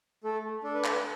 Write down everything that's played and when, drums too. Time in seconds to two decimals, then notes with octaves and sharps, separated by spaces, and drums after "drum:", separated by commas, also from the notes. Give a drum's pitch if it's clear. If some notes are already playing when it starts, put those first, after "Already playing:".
0.24 A3 A4
0.63 D4 A4
0.74 B4
0.85 A4, drum: clap